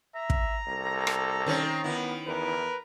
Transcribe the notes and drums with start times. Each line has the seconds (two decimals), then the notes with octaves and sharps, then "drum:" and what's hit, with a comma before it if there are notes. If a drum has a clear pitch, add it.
0.15 E5 A#5
0.30 drum: kick
0.67 C2 A4
1.07 drum: rim click
1.46 D#3 C4 C#4
1.84 D#3 B3 E4
2.27 E2 A#4 B4